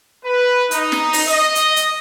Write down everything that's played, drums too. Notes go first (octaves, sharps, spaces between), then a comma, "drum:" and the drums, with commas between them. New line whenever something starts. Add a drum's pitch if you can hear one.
B4
D#4, drum: hi-hat
drum: snare
drum: open hi-hat
D#5
drum: hi-hat
drum: hi-hat